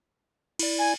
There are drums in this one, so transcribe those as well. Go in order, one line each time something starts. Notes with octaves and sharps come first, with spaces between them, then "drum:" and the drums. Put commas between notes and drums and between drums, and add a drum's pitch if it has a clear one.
E4 D5, drum: cymbal
G#5